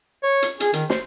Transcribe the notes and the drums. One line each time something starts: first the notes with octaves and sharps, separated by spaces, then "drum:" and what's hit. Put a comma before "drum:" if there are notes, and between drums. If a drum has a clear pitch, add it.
C#5
drum: hi-hat
G#4, drum: hi-hat
D#3, drum: hi-hat
C5, drum: snare